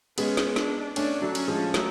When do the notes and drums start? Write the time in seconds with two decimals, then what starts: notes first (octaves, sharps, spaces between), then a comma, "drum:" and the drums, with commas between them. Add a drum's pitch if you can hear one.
0.18 G#3 B3 C#4, drum: cymbal
0.37 drum: snare
0.56 D4, drum: snare
0.96 A3 C#4 D4, drum: cymbal
1.21 F#3 A3
1.35 C#4, drum: cymbal
1.48 F3 G#3
1.74 F#3 A3, drum: snare